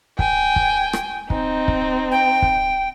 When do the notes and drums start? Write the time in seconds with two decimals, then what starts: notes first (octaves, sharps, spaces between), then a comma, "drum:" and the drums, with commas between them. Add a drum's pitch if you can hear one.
0.19 G5 G#5, drum: kick
0.56 drum: kick
0.93 drum: rim click
1.30 C4 D#4, drum: kick
1.68 drum: kick
2.12 G5
2.42 drum: kick